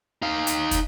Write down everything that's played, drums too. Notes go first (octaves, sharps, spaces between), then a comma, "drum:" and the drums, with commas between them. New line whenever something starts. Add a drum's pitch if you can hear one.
D#4 F5
drum: hi-hat
drum: kick, hi-hat